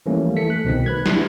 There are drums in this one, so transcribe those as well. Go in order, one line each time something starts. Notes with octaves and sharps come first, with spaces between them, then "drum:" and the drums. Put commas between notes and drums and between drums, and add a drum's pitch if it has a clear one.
E3 F3 G3 A3 A#3 C#4
E3 A3 A4 B6 C#7
F#6
C2 B2 D#3 C4 B6
B4 F#6 G#6
G3 D4 E4, drum: snare